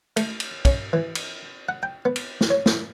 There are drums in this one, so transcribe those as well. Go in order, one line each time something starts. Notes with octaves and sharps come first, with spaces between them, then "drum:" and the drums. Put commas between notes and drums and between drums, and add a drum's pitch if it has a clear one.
A3, drum: cymbal
drum: cymbal
C#4, drum: kick, cymbal
E3
drum: cymbal
F#5
G5
B3
drum: cymbal
drum: snare
C#5
drum: snare